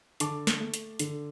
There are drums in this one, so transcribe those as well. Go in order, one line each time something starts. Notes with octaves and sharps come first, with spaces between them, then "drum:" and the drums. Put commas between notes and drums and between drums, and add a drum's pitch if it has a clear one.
D3 A5 D6, drum: hi-hat
drum: snare
A3
drum: hi-hat
D3, drum: hi-hat